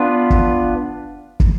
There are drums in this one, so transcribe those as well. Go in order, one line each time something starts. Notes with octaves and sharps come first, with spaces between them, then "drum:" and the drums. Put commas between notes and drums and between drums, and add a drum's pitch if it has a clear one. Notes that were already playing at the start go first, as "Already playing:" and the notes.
Already playing: B3 D4 F4 B4
drum: kick
drum: kick